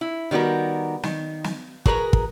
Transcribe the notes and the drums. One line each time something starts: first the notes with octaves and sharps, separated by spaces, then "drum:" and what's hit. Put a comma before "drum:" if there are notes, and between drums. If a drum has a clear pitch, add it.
E4
D#3 G3 B3 F#4 A#4
D#3, drum: snare
drum: snare
F#4 G#4 A#4 B4 A#5, drum: kick
drum: kick